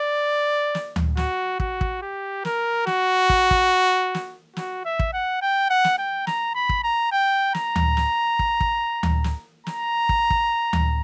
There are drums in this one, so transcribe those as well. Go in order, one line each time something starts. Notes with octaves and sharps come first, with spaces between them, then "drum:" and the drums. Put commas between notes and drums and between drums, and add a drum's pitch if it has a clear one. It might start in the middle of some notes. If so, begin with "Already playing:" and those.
Already playing: D5
drum: snare
drum: tom D2
F#4, drum: snare
F#4, drum: kick
drum: kick
G4
A#4, drum: snare
F#4, drum: snare
drum: kick
drum: kick
drum: snare
F#4, drum: snare
E5
drum: kick
F#5
G5
F#5
drum: snare
G5
A#5, drum: snare
B5
drum: kick
A#5
G5
A#5, drum: snare
drum: tom D2
drum: snare
drum: kick
drum: kick
drum: tom D2
drum: snare
A#5, drum: snare
drum: kick
drum: kick
drum: tom D2